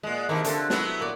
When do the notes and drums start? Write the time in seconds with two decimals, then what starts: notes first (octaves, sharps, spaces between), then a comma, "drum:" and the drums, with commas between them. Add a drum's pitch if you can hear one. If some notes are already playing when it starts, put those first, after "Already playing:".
0.03 A#2 G#3
0.29 C3 D#3 F3 A#3 E4
0.44 D3 A3 F4, drum: hi-hat
0.70 F#3 B3 E4, drum: snare
1.00 A#2 D5